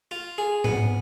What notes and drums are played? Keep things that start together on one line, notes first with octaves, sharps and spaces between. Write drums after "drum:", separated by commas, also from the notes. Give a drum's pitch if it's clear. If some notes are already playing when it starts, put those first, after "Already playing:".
F4
G#4
B3, drum: tom G#2